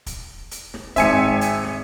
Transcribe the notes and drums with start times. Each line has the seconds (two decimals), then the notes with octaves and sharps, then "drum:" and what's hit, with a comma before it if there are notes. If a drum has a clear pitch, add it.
0.06 drum: kick, hi-hat
0.51 drum: hi-hat
0.74 drum: snare
0.96 G#1 C4 E5 G#5 C#7, drum: kick, hi-hat
1.41 drum: hi-hat
1.64 drum: snare